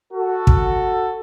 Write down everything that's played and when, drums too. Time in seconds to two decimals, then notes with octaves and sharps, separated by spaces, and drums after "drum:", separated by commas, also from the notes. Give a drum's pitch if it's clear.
0.13 F#4 A4
0.47 drum: kick